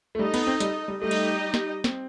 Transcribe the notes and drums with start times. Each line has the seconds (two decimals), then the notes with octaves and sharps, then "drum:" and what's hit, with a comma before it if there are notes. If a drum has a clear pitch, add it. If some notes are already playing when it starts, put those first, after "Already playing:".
0.15 A3
0.19 G3 D#4 A4 D#5
0.34 B3, drum: cymbal
0.47 C4
0.60 G3, drum: hi-hat
0.88 G3
1.02 G3 A3 D#4 G4 D#5
1.11 drum: cymbal
1.54 drum: snare
1.84 C4, drum: snare